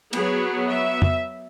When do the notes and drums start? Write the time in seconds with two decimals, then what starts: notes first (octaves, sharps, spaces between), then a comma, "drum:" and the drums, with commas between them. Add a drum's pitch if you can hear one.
0.13 F#3 B3 G#4, drum: cymbal
0.67 E5
1.02 drum: tom